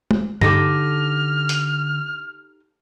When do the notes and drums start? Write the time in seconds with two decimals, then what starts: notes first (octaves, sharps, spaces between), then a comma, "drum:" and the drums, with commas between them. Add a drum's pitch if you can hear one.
0.11 drum: tom
0.41 D3 D#4 G4 A4 D6 F6 A#6, drum: tom G2
1.49 drum: hi-hat